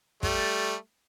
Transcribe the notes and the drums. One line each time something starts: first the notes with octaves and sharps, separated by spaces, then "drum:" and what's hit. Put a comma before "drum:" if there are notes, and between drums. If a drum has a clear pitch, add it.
G3 A3, drum: kick